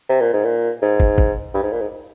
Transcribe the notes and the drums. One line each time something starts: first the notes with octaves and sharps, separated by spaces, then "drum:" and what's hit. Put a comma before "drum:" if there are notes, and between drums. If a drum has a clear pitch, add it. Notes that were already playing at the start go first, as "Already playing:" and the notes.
C3
A#2
G#2
A#2
G#2
drum: kick
drum: kick
G2
G#2
A#2
G#2